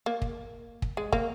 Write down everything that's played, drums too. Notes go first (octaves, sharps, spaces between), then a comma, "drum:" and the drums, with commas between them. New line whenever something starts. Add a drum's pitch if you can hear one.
A#3
drum: kick
drum: kick
G#3
A#3, drum: kick